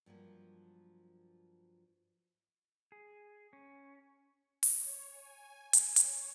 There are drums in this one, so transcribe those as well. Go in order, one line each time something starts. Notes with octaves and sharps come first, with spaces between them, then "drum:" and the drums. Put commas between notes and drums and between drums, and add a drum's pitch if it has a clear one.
G2 F3 F#3 A#3
G#4
C#4
drum: open hi-hat
C#5
G#5
G#5
drum: hi-hat
C#5, drum: hi-hat